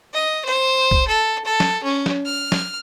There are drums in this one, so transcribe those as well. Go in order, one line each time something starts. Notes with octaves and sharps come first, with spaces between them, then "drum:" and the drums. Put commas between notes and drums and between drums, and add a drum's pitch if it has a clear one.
D#5
C5
drum: kick
A4
A4
drum: snare
C#4
drum: snare
F6
drum: snare